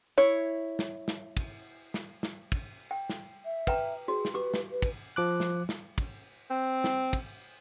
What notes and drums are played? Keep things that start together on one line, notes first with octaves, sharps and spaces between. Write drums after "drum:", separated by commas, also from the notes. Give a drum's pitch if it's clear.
E4 C#5
drum: snare
drum: snare
drum: kick, cymbal
drum: snare
drum: snare
drum: kick, cymbal
G5
drum: snare
E5
B4 G5 A#5, drum: kick, cymbal
F#4 G#4
drum: snare
G4 B4 D6
drum: snare
B4
drum: kick, cymbal
F3 D6 F#6
drum: snare
drum: snare
drum: kick, cymbal
C4
drum: snare
drum: kick, cymbal